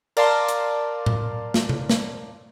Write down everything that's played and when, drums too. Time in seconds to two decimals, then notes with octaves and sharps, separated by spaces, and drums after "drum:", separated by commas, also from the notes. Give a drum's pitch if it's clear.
0.17 A#4 D5 F5 A5 C6, drum: cymbal
0.48 drum: hi-hat
1.06 drum: tom A2
1.54 drum: snare
1.69 drum: tom C3
1.89 drum: snare